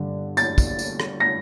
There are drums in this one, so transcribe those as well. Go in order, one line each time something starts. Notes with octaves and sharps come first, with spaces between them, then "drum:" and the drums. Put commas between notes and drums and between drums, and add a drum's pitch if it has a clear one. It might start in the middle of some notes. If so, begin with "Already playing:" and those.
Already playing: G2 D3
A6, drum: tambourine
drum: kick, tambourine
drum: tambourine
drum: rim click
A#6